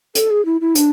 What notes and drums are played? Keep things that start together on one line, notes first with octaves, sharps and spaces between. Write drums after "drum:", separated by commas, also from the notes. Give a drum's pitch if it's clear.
A4, drum: hi-hat
G#4
E4
E4
D4, drum: hi-hat